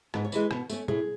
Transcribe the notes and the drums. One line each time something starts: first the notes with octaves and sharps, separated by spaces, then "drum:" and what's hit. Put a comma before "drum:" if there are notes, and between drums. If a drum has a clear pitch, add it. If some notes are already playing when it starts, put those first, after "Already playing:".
G#2 B4, drum: rim click
C#5
E3 G#3 B4, drum: tambourine
B2, drum: rim click
A3 C#4, drum: tambourine
A2 G#4, drum: tom